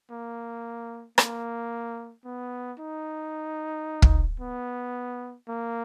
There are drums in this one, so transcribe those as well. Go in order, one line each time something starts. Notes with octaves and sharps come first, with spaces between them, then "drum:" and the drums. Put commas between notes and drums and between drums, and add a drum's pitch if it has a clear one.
A#3
A#3, drum: rim click
B3
D#4
drum: kick
B3
A#3